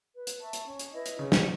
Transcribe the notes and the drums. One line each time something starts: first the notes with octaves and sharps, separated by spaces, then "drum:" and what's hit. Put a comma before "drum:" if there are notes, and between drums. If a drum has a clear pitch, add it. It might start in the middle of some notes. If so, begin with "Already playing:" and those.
B4
drum: hi-hat
E5 A5 C#6
drum: hi-hat
C#4
drum: hi-hat
E4 B4 D#5
drum: hi-hat
C#3 C#4
drum: snare